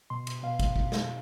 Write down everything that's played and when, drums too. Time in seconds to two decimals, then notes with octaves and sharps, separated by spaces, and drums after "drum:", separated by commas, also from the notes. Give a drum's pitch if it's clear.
0.10 B2 C6
0.27 drum: cymbal
0.43 B2 F5
0.59 drum: kick, cymbal
0.76 drum: kick
0.92 drum: snare